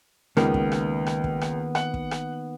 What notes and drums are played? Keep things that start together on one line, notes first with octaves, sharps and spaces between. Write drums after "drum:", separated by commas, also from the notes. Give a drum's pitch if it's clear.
C#2 D#3 A#3 B3, drum: rim click
drum: kick
drum: rim click
drum: rim click
drum: kick
drum: rim click
F#5, drum: rim click
drum: kick
drum: rim click